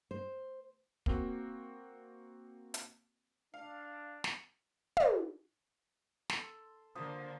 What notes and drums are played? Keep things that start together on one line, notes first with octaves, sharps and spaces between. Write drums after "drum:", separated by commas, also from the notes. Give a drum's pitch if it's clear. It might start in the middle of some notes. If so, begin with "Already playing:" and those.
C5
A#3 C4 F#4, drum: kick
drum: hi-hat
D4 F5
drum: snare
drum: tom
A4 C6, drum: snare
D3 F3 A#3 D4 C5 D#6